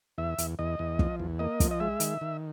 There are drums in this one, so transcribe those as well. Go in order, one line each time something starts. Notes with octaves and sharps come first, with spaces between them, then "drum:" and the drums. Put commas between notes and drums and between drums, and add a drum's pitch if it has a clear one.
E2 E5
E2, drum: hi-hat
E2 D#5
E2
F3, drum: kick
E2
A#3 D#5
F3, drum: kick, hi-hat
D#5
G#3 E5
D#3, drum: hi-hat
D#3